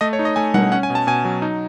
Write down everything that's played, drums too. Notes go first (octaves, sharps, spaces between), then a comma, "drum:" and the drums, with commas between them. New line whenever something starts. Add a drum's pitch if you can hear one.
A3 D#5
C#5
D#4
D#5
A3 G#5
B2 F#5, drum: tom G3
C#4 F#5
G#5
B2
A5
B2 G#5
F#3
D#4